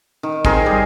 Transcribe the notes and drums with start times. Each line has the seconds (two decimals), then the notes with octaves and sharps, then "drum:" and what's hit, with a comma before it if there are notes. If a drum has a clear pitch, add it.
0.23 D#3
0.45 C4 G#4 A#4, drum: kick
0.66 G3